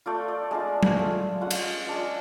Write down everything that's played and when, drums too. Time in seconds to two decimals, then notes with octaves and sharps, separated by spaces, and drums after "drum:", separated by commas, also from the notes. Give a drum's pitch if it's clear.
0.06 A3 F4 D5
0.28 D5
0.51 G#3 D4 F4
0.83 drum: tom
0.96 A3 F4
1.41 G#3 C#4 F4 F#5
1.51 drum: cymbal
1.86 G#3 D4 F4